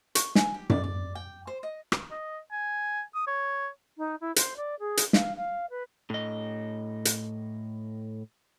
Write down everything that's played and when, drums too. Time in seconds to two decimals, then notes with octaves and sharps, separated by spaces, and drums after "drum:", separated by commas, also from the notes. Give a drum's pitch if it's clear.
0.15 C#6, drum: hi-hat
0.35 G#5, drum: snare
0.54 G4
0.70 D5, drum: tom F#2
0.84 D5
1.15 G5
1.47 C5
1.63 D#5
1.92 drum: rim click
2.11 D#5
2.52 G#5
3.15 D#6
3.27 C#5
3.98 D#4
4.21 E4
4.36 C5, drum: hi-hat
4.57 D5
4.80 G#4
4.97 drum: hi-hat
5.13 F5, drum: snare
5.36 F5
5.70 B4
6.10 A2 D#5
7.05 drum: hi-hat